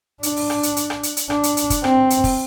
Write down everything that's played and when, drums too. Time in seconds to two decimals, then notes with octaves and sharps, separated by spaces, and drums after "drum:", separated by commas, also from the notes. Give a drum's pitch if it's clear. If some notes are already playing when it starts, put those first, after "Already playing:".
0.23 D4, drum: hi-hat
0.36 drum: open hi-hat
0.50 drum: rim click
0.63 drum: hi-hat
0.76 drum: hi-hat
0.90 drum: rim click
1.03 drum: hi-hat
1.17 drum: hi-hat
1.30 D4, drum: rim click
1.43 drum: hi-hat
1.57 drum: hi-hat
1.70 drum: kick, hi-hat
1.84 C4, drum: rim click
2.10 drum: hi-hat
2.24 drum: kick, open hi-hat